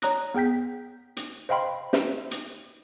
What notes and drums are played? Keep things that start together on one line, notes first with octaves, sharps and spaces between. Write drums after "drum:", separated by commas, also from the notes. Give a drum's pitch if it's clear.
C#5 D5 A#5 D#6 F#6 A#6, drum: hi-hat
B3 G#4 G5 G6 B6
drum: hi-hat
C5 D#5 F5 G5 B5 C6
drum: snare
drum: hi-hat